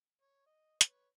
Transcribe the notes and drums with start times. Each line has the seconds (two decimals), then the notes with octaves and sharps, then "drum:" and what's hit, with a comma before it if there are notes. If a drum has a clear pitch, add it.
0.21 C#5
0.46 D#5
0.81 B4 C#5, drum: hi-hat